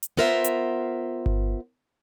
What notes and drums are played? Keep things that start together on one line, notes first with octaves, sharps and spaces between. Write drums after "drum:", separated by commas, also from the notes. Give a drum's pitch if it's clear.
drum: hi-hat
B3 F4 A#4 C5 E5
drum: hi-hat
drum: kick G1